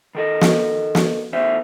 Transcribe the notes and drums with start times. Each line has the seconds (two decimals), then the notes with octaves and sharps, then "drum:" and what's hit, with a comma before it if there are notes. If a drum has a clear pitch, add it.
0.15 D#3 A4 D#5
0.41 drum: snare
0.95 drum: snare
1.33 E2 C5 E5